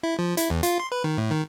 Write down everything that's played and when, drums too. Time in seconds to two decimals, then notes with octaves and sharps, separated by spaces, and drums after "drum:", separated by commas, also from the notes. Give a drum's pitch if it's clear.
0.03 E4
0.19 F3
0.37 E4, drum: hi-hat
0.50 E2
0.63 F4, drum: hi-hat
0.79 C6
0.92 B4
1.04 D#3
1.18 A2
1.31 D#3